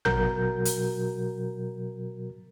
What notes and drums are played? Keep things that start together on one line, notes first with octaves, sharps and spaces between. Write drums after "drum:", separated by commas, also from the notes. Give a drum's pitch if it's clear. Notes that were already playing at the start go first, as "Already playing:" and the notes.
B2 F#3 F#4 A#4 G6, drum: tom
drum: hi-hat